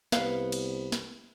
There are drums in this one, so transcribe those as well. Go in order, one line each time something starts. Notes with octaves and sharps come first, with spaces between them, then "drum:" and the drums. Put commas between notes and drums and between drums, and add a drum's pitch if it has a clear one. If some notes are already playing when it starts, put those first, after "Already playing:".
C2 B3 F5, drum: snare
drum: cymbal
drum: snare